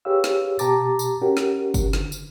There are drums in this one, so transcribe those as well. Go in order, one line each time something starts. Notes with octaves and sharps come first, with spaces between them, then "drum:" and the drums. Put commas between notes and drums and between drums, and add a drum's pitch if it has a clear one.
G4 G#4 B4 C#5 F5 E6
drum: snare
B2 G4 A5 A#5 D6 A6, drum: tambourine
drum: tambourine
C#4 F#4 G4 A#4
drum: snare
drum: kick F#1, tambourine
D3, drum: snare
drum: tambourine